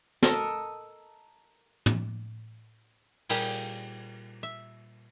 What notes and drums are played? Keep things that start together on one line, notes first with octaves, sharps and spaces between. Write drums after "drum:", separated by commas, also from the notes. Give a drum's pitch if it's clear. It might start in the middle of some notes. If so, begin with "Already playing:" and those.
A4 A#4 D#5, drum: snare
drum: tom
A#2 G3 A#3 G4 G#4, drum: cymbal
E5